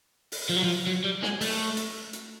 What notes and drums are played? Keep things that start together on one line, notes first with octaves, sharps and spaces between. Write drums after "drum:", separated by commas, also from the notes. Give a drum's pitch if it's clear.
drum: open hi-hat
F3
F#3
F3
F#3
G3
G#3, drum: snare
A3, drum: open hi-hat
drum: hi-hat
drum: hi-hat